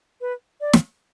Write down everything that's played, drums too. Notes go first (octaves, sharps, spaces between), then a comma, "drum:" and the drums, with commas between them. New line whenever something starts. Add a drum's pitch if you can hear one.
B4
D5
drum: snare